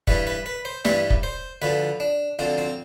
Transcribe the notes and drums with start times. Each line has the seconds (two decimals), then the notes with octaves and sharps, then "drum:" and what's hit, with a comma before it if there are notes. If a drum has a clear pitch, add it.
0.07 G2 E3 G3 B4, drum: kick
0.27 B4
0.46 B4
0.65 C5
0.85 G2 E3 G3 B4, drum: snare
1.10 drum: kick
1.23 C5
1.62 D2 D3 F3 B4
2.00 D4
2.39 D2 D3 F3 C4
2.58 C4